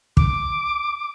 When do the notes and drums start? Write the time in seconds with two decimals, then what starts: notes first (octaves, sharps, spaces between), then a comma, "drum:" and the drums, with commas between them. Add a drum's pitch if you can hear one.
0.17 D6, drum: kick